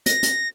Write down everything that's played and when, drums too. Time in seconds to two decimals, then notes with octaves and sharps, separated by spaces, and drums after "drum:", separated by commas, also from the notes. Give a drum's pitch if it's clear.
0.06 A#6, drum: hi-hat
0.23 drum: hi-hat